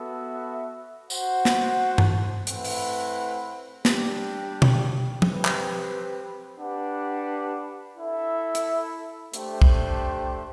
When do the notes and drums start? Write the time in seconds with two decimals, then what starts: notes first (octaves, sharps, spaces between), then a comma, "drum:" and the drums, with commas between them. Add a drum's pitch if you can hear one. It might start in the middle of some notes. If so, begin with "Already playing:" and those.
Already playing: B3 F#4 A4 E5
1.10 F#4 C5 F#5, drum: tambourine
1.45 drum: snare
1.98 drum: tom G2
2.47 A3 C4 E4 B4 F#5, drum: hi-hat
2.65 drum: open hi-hat
3.85 G3 D4 G4, drum: snare
4.62 drum: tom B2
5.22 C4 G4 B4, drum: tom
5.45 drum: clap
6.59 D4 G4 B4 F#5
7.97 E4 A4 E5
8.55 drum: hi-hat
9.34 A3 D4 G4 C5 G5, drum: hi-hat
9.62 drum: kick